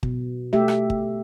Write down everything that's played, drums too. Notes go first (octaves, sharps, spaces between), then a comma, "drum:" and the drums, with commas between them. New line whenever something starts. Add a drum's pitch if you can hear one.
B2, drum: kick
A3 G4 E5
drum: rim click
drum: kick